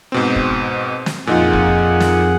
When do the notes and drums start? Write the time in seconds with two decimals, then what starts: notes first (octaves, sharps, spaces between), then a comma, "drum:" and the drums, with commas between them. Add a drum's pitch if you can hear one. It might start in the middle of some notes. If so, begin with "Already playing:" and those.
0.12 G#2 B2 C4
0.36 drum: kick
1.06 drum: snare
1.27 F2 A#2 D#4 F4 G#4 F#5
1.53 drum: kick
2.00 drum: snare